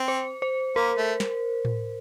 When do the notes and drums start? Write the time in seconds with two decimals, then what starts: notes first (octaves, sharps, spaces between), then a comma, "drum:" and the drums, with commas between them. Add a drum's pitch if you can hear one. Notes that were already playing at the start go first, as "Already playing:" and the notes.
Already playing: C4
0.08 C5
0.42 C5
0.76 A#3 A#4
0.97 A3
1.20 drum: snare
1.65 drum: tom A2